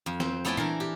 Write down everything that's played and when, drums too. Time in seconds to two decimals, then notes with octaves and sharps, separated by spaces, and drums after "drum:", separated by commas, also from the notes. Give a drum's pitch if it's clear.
0.06 F2
0.20 C4, drum: snare
0.45 A3 B3 E4 D5 G5 G#5
0.57 E3 D4 A#4, drum: tom A#2
0.80 G4